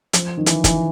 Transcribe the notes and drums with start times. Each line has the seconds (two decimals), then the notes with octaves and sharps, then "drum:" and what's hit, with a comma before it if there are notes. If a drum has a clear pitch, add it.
0.13 F3, drum: hi-hat
0.37 D#3
0.46 E3, drum: hi-hat
0.64 E3, drum: kick, hi-hat